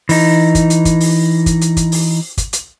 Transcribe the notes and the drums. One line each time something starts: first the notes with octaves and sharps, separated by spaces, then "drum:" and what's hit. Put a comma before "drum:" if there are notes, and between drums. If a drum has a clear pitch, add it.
E3 D#4, drum: open hi-hat
drum: kick, hi-hat
drum: hi-hat
drum: kick, hi-hat
drum: open hi-hat
drum: kick, hi-hat
drum: hi-hat
drum: kick, hi-hat
drum: open hi-hat
drum: kick, hi-hat
drum: hi-hat